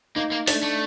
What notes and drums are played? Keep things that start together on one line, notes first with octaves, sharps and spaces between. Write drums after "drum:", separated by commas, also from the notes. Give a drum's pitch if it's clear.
A#3 D#4
A#3
A3 D4, drum: open hi-hat
A3